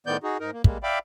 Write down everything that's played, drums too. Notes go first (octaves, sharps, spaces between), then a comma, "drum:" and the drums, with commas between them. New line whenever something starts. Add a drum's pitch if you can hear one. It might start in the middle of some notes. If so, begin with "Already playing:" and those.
A2 D#3 B3 D5 G6
D#4 F#4 G#4
G#2 D#4 A#4
A#3
G3 G#3 A#3, drum: kick
D5 E5 F5 G5 B5 D6